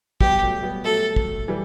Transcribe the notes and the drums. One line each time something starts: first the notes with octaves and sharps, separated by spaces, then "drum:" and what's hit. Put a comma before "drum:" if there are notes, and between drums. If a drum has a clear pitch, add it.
G3 B3 G4, drum: kick
F#3 A3
G3 B3
F#3 A3 A4
drum: kick
E3 G3